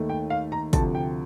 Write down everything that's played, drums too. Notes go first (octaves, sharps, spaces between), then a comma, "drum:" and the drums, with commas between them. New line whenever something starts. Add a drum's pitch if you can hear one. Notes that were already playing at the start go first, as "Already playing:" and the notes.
Already playing: D#2 D#3 A3
G5
F5
A#5
D2 C3 F3 A5, drum: kick, hi-hat
G5